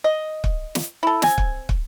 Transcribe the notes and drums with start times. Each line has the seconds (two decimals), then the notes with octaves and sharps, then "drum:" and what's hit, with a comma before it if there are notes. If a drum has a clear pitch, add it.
0.04 D#5
0.44 drum: kick
0.75 drum: snare
1.03 E4 A4
1.22 C4 G#5, drum: snare
1.38 drum: kick
1.69 drum: kick